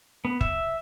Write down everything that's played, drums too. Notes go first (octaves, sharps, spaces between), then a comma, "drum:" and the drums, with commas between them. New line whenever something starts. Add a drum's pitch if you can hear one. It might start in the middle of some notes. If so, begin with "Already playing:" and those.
B3
E5, drum: kick